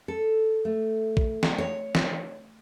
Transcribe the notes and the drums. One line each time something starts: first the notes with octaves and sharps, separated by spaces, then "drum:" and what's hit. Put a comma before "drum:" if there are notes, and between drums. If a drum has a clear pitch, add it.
A4
A3
drum: kick A#1
drum: snare
C#5
drum: snare